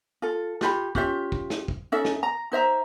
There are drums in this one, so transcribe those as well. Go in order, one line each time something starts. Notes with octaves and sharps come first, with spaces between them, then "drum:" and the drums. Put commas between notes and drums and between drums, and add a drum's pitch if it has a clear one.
F4 A4
F4 G4 B5, drum: snare
C#4 F4 G4 E5, drum: kick
drum: kick
drum: snare
drum: kick
C#4 D#4 A4 E5
drum: snare
A#5
D#4 C5 E5 A#5